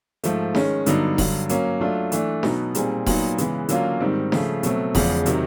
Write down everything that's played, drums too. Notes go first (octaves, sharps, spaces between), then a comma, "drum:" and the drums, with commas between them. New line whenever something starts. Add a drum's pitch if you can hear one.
G#2 F3 A3, drum: hi-hat
D#3 G#3 C#4, drum: snare D4
G2 D3 F#3 B3 D#4, drum: hi-hat
G2 D3 F#3, drum: kick E1, open hi-hat
F#3 A#3 C#4, drum: hi-hat
F#3 A3 D4 F4
E3 A3 D4, drum: hi-hat
B2 F#3 B3 D#4, drum: snare D4
A#2 G3 C4 D#4 G#4, drum: hi-hat
A#2 F#3 B3 D#4, drum: kick E1, open hi-hat
C#3 E3 G#3 B3, drum: hi-hat
D3 F#3 A#3 C#4 F4, drum: hi-hat
G#2 D#3 G3 C4
C#3 F3 A3, drum: snare D4
B2 F#3 A3 C4, drum: hi-hat
E2 C#3 F3 G#3, drum: kick E1, open hi-hat
C3 D#3 F#3, drum: hi-hat